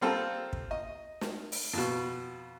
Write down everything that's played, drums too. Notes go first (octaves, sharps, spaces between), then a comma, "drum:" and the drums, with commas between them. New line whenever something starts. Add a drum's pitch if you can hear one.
G3 A#3 C4 F4 A4
drum: kick
D#5
drum: snare
drum: open hi-hat
F2 B2